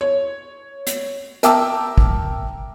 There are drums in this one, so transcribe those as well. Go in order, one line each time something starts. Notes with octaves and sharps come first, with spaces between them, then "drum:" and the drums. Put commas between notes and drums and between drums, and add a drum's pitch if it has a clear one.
C#5
drum: hi-hat
A#4 E5 G5 A5 D6 E6, drum: hi-hat
drum: kick